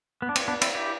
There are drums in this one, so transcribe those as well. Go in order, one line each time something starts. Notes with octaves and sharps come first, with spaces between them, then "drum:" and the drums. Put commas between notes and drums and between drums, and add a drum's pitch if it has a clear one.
B3
D4
C4, drum: cymbal
B3 D4
C4 E4, drum: cymbal
E4 G4